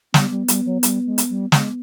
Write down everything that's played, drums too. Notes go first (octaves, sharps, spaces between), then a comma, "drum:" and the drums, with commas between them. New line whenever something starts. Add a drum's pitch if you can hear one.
G3 B3, drum: snare
G3
G3, drum: hi-hat
F#3
G3, drum: hi-hat
G#3
drum: hi-hat
G3
G#3 B3, drum: snare